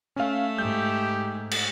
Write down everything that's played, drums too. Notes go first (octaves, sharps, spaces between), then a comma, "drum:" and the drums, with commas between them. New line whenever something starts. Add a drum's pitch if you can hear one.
A3 C#4 F5
G#2 G4 G6
drum: cymbal